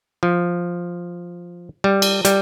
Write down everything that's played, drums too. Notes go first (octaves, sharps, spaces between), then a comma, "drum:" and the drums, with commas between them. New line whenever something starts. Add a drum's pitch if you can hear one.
F3
G3
drum: cymbal
G3, drum: hi-hat